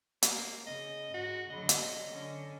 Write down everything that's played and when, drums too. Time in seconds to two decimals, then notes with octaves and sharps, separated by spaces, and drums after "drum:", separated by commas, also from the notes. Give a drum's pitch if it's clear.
0.22 A#3, drum: hi-hat
0.67 C#3 D#5
1.14 G#2 F#4
1.50 D3 F#3 D#5
1.69 drum: hi-hat
2.11 D3 C#4